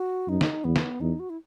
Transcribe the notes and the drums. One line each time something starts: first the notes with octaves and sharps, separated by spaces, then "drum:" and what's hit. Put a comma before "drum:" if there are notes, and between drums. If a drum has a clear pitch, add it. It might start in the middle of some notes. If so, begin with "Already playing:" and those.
Already playing: F#4
F#2 D#4
drum: snare
E2 B3
drum: snare
E2 D#4
F#4
E4